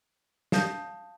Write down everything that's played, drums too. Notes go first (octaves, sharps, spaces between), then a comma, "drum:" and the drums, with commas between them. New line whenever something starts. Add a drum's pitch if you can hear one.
F5 A5 D#6 G6, drum: snare